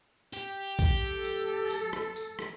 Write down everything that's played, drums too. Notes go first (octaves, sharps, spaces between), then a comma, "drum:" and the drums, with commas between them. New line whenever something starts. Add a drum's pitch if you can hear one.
G4, drum: tambourine
drum: kick, tambourine
A4
drum: tambourine
drum: tambourine
drum: rim click
drum: tambourine
drum: rim click